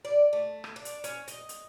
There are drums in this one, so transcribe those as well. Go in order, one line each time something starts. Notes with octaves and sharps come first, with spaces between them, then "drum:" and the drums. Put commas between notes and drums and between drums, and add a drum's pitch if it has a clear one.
D5
A3
drum: rim click
D4
drum: hi-hat
C#4, drum: hi-hat
D#5, drum: hi-hat
drum: hi-hat